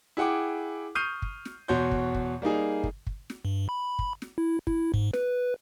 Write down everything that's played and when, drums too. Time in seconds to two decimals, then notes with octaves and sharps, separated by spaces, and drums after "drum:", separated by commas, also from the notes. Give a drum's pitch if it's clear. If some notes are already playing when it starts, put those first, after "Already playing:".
0.17 E4 G#4 F#5 G5 D6
0.95 C#6 D#6 F6 G6 C7 D#7
1.22 drum: kick
1.45 drum: snare
1.68 E2 B2 F#4 C#5 C6 G6
1.91 drum: kick
2.14 drum: kick
2.42 G3 A#3 D#4 G#4
2.84 drum: kick
3.07 drum: kick
3.30 drum: snare
3.45 G2
3.69 B5
3.99 drum: kick
4.22 drum: snare
4.38 E4
4.67 E4, drum: kick
4.94 G#2, drum: kick
5.13 B4, drum: snare